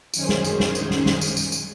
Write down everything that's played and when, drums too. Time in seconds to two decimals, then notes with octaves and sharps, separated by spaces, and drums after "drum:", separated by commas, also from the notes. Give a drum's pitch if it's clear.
0.14 F#2 D#3 C#4 G#4 C5, drum: tambourine
0.29 drum: snare
0.44 drum: tambourine
0.60 drum: snare
0.75 drum: tambourine
0.91 drum: snare
1.06 drum: snare
1.21 drum: tambourine
1.37 drum: tambourine
1.52 drum: tambourine